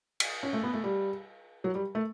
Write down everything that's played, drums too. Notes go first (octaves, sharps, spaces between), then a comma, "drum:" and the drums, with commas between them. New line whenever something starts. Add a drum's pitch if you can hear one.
drum: cymbal
C#4
A3
B3
A3
G3
F#3
G3
A3